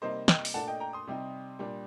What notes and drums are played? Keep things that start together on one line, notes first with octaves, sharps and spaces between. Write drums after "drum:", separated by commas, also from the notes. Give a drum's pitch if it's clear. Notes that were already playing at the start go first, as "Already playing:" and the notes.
C3 G3 A#3 D#4 C5 D#5
D#5 G5, drum: snare
drum: open hi-hat
A#2 A3 D4 F#5 A5
D#5 G5
G5 A#5
C6 D#6
C3 G3 C4 D#4
A#2 G3 D4